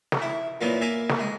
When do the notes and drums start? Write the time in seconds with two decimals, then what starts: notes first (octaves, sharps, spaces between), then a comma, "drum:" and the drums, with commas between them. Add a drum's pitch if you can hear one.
0.12 drum: snare
0.22 E4
0.61 A#2 E3 F#3 A#3 B3
0.81 A#3 E5 G#5 D6
1.09 drum: snare
1.20 G#3